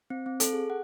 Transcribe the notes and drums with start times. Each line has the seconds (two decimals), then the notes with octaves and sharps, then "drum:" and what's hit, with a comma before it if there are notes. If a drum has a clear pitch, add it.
0.10 C4
0.26 C4
0.40 A4, drum: hi-hat
0.53 G#4
0.70 F#5